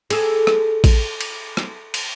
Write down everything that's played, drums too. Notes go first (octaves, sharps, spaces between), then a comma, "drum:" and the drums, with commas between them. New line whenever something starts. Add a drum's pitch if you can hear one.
G#4 A4, drum: cymbal
drum: rim click
drum: kick A1, cymbal
drum: cymbal
drum: rim click
drum: cymbal